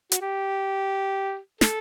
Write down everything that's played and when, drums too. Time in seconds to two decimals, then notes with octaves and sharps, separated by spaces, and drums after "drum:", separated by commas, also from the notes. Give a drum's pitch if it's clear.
0.12 F#4, drum: hi-hat
0.21 G4
1.61 A4, drum: snare